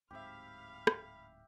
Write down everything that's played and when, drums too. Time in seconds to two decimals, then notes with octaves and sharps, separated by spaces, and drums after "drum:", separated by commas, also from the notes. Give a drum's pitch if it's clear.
0.11 D1 G#2 C4 G4 E5 F5 B5 F6
0.87 drum: rim click